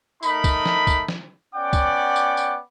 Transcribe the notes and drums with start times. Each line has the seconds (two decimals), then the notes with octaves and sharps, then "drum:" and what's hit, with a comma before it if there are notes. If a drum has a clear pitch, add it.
0.23 A3 D#4 A#4 B5, drum: tambourine
0.44 drum: kick, tambourine
0.66 drum: snare
0.87 drum: kick, tambourine
1.09 drum: snare
1.54 B3 C#4 D5 F#5 G5 D6
1.73 drum: kick, tambourine
2.16 drum: tambourine
2.37 drum: tambourine